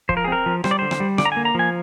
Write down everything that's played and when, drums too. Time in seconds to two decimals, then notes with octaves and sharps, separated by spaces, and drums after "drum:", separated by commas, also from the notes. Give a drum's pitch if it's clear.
0.09 F3 C5, drum: kick
0.17 A#4
0.24 G#4
0.28 C4 A#4
0.46 F3
0.64 G3 C5, drum: rim click
0.71 D5
0.79 D3 C5
0.91 drum: rim click
1.00 G3
1.18 D3 D5, drum: rim click
1.25 A#5
1.32 G#5
1.36 A#3
1.45 A#5
1.55 F3 G#5